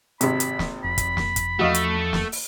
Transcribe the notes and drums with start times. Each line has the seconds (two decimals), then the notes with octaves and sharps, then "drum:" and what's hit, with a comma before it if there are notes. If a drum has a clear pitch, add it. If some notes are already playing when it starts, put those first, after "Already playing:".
0.21 G#1 C3 B5, drum: hi-hat
0.40 drum: hi-hat
0.59 drum: snare
0.84 F1 B5
0.98 drum: kick, hi-hat
1.17 drum: snare
1.36 drum: kick, hi-hat
1.59 E2 F3 A3 C#4 F#4 D#5 F5
1.74 drum: hi-hat
2.13 drum: snare
2.32 drum: open hi-hat